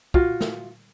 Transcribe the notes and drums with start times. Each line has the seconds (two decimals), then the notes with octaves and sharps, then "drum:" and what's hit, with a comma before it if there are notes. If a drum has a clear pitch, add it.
0.14 F4 F#4, drum: kick
0.41 drum: snare